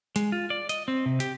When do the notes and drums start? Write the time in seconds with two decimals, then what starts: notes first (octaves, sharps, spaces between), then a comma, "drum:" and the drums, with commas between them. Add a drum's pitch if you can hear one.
0.16 G#3, drum: hi-hat
0.32 F4
0.50 D5
0.69 D#5, drum: hi-hat
0.88 C4
1.06 C3
1.20 G4, drum: hi-hat